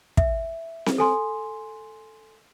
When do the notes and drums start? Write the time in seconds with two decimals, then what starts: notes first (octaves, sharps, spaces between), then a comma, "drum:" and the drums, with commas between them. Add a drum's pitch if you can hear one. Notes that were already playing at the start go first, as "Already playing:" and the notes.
0.17 E5, drum: kick
0.86 drum: snare C4
0.98 A4 G#5 C6